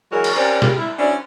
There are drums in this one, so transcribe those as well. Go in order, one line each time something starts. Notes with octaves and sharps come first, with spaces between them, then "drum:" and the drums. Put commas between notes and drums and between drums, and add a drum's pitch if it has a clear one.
E3 F#3 G#3 F#4 A#4 C#5
drum: cymbal
C4 C#4 G4 A#4 C5 D5
G3 G#3 A#3 F4 G4, drum: snare
E4
F#3 C#4 D4 E4 C5 D5